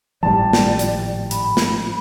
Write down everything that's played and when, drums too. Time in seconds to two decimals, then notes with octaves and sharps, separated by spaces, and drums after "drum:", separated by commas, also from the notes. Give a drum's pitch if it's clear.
0.23 G#1 A2 F3 G3 D5 A5
0.53 drum: snare
0.79 drum: hi-hat
1.31 B5, drum: hi-hat
1.57 drum: snare